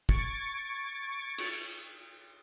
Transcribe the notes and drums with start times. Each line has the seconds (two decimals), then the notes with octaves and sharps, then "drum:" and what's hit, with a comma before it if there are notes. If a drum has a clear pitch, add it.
0.09 C#6 G#6 A6 C#7 D7, drum: kick
1.38 drum: cymbal